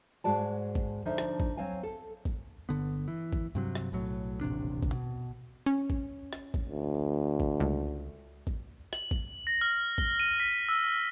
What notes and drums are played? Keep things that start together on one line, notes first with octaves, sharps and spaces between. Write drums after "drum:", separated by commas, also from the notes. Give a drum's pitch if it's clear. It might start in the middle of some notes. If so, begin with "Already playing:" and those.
G#2 G#3 F#4 D5 A5
drum: kick
D3 F3 D#4 D5 E5
drum: rim click
drum: kick
F#3 C4 C#5 F5 G#5
A4
drum: kick
G1 D3 B3
E3
drum: kick
G2 C3 F#3
drum: rim click
B1 A2 F#3
D#1 A1 C3 D4
drum: kick
B2
C#4
drum: kick
drum: rim click
drum: kick
D2
drum: kick
C#2
drum: kick
F#7, drum: rim click
drum: kick
A#6
F6
G7, drum: kick
D#7
B6
E6